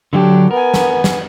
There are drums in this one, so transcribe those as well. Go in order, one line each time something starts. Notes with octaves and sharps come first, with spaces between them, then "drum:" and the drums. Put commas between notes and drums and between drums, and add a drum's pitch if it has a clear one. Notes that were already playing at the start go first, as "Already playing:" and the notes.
D3 F#3 D4 G4
B3 A#4 G#5
drum: snare
drum: snare